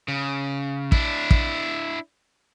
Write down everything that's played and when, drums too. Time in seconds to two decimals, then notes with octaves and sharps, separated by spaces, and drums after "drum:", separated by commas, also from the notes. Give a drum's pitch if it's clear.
0.08 C#3
0.92 D4 E4, drum: kick
1.31 drum: kick